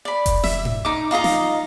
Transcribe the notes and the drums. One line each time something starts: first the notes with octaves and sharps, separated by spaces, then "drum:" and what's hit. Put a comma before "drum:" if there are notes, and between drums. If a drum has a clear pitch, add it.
D5 B5
drum: kick F1, hi-hat
E5, drum: snare
drum: tom G#2
D#4 D6
D#4 F4 D#5 A#5
drum: snare